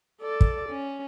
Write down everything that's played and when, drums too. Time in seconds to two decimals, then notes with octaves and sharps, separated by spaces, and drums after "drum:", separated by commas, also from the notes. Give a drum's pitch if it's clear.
0.21 A4 D5
0.41 drum: kick
0.70 C#4